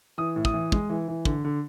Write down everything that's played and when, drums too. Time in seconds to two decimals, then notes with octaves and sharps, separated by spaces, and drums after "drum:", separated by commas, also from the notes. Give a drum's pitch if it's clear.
0.18 E3 D#6
0.36 A2
0.45 D#6, drum: kick
0.54 E3
0.72 G#3, drum: kick
0.90 E3
1.08 E3
1.25 D3, drum: kick
1.45 D3